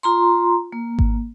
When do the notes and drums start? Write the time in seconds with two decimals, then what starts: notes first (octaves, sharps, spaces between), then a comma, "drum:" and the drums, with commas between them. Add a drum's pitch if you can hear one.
0.03 F4 A#5 C6
0.72 A#3
0.99 drum: kick G#1